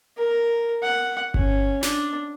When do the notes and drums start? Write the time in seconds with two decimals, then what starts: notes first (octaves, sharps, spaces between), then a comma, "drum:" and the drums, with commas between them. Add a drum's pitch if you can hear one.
0.17 A#4
0.82 F#5
1.34 C#4, drum: kick G1
1.83 D4, drum: snare